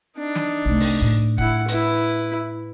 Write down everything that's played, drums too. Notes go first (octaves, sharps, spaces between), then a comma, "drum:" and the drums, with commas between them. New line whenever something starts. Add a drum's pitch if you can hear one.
D4 D#4
drum: snare
C2 A3
drum: open hi-hat
A2
E4 F#5, drum: kick
E4 B4, drum: hi-hat